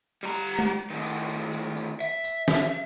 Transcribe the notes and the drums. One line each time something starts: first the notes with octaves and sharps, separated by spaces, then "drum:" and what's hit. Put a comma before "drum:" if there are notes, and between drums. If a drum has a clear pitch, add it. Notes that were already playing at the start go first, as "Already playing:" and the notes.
G3 A#5
drum: tambourine
drum: tom
A2 D#3
drum: tambourine
drum: tambourine
drum: tambourine
drum: tambourine
E5, drum: tambourine
drum: tambourine
drum: snare